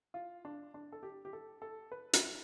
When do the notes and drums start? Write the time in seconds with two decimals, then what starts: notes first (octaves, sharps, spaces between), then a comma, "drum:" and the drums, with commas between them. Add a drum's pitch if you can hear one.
0.14 F4
0.45 D4
0.74 D4
0.92 A4
1.03 G4
1.25 G4
1.33 A4
1.62 A4
1.92 B4
2.13 B4, drum: hi-hat